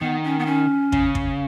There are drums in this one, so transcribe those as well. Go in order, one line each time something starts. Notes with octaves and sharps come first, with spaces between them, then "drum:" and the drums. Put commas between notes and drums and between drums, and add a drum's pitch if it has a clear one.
D#3 B3
C#4
B3
C#4
C#3, drum: kick
drum: kick